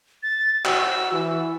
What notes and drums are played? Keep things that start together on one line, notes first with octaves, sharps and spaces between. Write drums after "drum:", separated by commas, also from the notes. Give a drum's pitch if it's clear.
A6
F#4 E6, drum: clap
E3